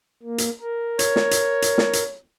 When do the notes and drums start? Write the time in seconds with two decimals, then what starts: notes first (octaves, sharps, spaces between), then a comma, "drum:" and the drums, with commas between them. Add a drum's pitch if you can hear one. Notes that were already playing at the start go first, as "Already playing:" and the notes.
0.23 A#3
0.38 drum: hi-hat
0.61 A#4
0.99 C#5, drum: hi-hat
1.16 drum: snare
1.31 drum: hi-hat
1.62 drum: hi-hat
1.78 drum: snare
1.93 drum: hi-hat